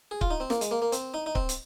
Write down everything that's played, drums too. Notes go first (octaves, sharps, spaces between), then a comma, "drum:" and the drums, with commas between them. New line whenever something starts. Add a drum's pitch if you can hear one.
G#4
F4, drum: kick C#1
D#4
C4
A#3, drum: snare
G#3, drum: hi-hat
A#3
A#3
C4, drum: hi-hat
D#4
D#4
C4, drum: kick C#1
drum: hi-hat